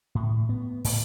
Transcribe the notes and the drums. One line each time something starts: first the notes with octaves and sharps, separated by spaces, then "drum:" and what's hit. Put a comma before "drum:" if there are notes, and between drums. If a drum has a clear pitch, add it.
A2
B3
A2, drum: open hi-hat